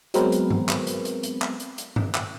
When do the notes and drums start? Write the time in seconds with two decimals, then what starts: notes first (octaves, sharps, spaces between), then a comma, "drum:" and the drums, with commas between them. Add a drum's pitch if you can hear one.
0.14 F#3 G#3 B3 C4 A#4 B4, drum: hi-hat
0.32 drum: hi-hat
0.50 drum: tom G2
0.69 drum: clap
0.87 drum: hi-hat
1.05 drum: hi-hat
1.23 drum: hi-hat
1.42 drum: clap
1.60 drum: hi-hat
1.78 drum: hi-hat
1.96 drum: tom G2
2.14 drum: clap